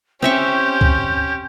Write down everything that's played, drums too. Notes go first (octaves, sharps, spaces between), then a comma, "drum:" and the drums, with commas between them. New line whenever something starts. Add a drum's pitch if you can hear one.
C4 C#4 G4 E5 C#6 G6
drum: kick